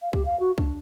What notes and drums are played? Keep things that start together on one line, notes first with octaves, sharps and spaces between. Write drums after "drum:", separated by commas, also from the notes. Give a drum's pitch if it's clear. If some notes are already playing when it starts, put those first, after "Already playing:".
F5
G4, drum: kick C2
F5
F#4
D4, drum: kick C2